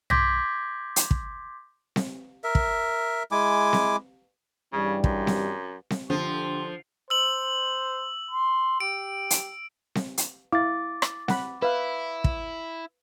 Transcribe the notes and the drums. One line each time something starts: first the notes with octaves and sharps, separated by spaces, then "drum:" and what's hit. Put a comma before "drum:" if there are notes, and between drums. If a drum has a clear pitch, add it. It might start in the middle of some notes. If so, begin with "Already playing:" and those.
C6 D6 G6 G#6 A#6 B6, drum: tom
drum: hi-hat
drum: kick
drum: snare C4
A#4 E5
drum: kick
G#3 E4 G#5 D6
drum: snare C4
G2 C#3 E3 G3
F#2, drum: kick
drum: snare C4
drum: snare C4
D3 F3 G4 C6
C5 E6 F#7
C6
G4 D7
drum: hi-hat
drum: snare C4
drum: hi-hat
E4 F5 D6 A6
drum: rim click
F#5 B5, drum: snare C4
E4 B4 F5
drum: kick